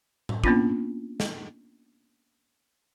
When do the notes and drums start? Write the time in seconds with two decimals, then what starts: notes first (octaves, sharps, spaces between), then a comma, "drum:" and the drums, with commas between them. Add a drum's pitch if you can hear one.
0.29 drum: tom A2
0.44 A#3 B3 C#4 D4 F4, drum: kick
1.20 drum: snare